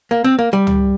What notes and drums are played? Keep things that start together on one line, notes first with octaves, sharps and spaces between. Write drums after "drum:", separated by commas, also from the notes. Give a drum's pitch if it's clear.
A#3
C4
A#3
G3
drum: tom C#2